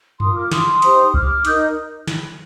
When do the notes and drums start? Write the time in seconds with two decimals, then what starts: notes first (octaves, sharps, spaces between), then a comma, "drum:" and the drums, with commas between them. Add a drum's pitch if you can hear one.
0.20 F4 A#4 C6 D#6, drum: tom F#2
0.36 D6 F6
0.51 C6 D#6, drum: snare
0.82 D#4 G4 C5, drum: hi-hat
1.14 D6 F6, drum: kick C2
1.45 D#4 A#4 D#6 G6, drum: hi-hat
2.07 drum: snare